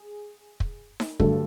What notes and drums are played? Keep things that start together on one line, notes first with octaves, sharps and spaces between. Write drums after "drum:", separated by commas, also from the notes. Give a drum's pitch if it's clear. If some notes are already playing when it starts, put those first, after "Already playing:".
Already playing: G#4
drum: kick
drum: snare D#4
G2 D3 F#3 A3 A4, drum: kick